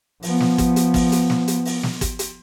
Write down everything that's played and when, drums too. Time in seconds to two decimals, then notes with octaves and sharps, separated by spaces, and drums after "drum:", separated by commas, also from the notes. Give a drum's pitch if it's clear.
0.23 F3 B3, drum: open hi-hat
0.40 drum: snare
0.58 drum: kick, hi-hat
0.76 drum: hi-hat
0.94 drum: kick, open hi-hat
1.12 drum: hi-hat
1.30 drum: snare
1.48 drum: hi-hat
1.65 drum: open hi-hat
1.83 drum: snare
2.01 drum: kick, hi-hat
2.19 drum: hi-hat